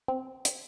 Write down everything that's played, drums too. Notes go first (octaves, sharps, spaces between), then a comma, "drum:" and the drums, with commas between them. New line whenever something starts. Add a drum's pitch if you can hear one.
C4
drum: hi-hat